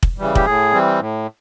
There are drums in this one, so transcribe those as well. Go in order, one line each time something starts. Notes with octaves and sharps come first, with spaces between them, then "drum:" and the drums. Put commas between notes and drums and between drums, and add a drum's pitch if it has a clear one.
drum: kick
C#3 E3 G3
G4, drum: kick
A2 G#4
E3 G3 C4
A2